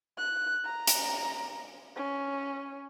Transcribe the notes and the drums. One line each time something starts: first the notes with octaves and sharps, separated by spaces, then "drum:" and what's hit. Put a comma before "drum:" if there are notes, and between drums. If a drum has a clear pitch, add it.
F#6
A#5
drum: hi-hat
C#4